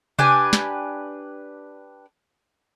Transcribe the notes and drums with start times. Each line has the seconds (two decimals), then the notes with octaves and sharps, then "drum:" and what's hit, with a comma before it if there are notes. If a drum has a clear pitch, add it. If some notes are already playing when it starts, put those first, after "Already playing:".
0.19 D4 G4 B4 G#5, drum: tom C3
0.53 drum: snare